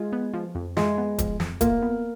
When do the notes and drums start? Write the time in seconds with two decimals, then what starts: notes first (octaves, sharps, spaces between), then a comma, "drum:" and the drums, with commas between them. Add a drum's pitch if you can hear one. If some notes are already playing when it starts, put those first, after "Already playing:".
Already playing: G#3 F4
0.13 B3
0.34 F3
0.55 F2
0.77 G#3 F4, drum: snare
0.98 B3
1.18 F3, drum: kick D#1, hi-hat
1.40 F2, drum: snare
1.61 A#3 F4, drum: kick D#1, hi-hat
1.82 B3